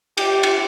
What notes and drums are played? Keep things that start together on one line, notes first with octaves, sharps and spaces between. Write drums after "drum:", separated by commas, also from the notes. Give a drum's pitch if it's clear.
G4, drum: cymbal
drum: cymbal